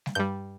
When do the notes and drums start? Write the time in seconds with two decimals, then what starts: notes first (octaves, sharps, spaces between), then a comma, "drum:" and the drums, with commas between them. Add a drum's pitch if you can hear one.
0.06 drum: snare
0.15 G2 G3 G6